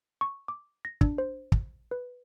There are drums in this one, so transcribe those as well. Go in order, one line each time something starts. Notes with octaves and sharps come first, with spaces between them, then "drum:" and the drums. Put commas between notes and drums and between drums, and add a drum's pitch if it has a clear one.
C#6
D6
A#6
D4, drum: kick
C5
drum: kick
B4